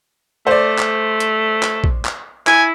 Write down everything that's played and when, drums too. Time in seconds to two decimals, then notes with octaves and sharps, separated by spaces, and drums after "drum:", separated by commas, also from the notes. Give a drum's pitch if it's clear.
0.47 A3 C5 D5
0.78 drum: clap
1.20 drum: hi-hat
1.63 drum: clap
1.84 drum: kick
2.05 drum: clap
2.47 E4 G#5, drum: clap